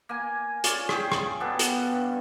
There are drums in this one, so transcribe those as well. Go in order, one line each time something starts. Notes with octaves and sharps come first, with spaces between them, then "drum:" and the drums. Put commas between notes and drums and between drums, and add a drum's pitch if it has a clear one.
A#3 G#5
C#4 F4 D5, drum: hi-hat
G#4 G5, drum: rim click
drum: rim click
B2 G3 B3 A4
drum: hi-hat
G2